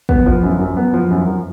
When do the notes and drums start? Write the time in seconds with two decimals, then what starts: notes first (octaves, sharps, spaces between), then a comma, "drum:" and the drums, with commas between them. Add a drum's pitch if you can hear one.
0.09 B3, drum: kick
0.26 F3
0.43 F#2
0.60 F#2
0.77 B3
0.94 F3
1.11 F#2